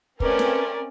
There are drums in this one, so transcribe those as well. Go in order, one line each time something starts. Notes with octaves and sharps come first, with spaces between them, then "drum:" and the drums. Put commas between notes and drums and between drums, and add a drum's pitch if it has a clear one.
A3 C4 C#4 A#4 B4 D5, drum: kick
drum: snare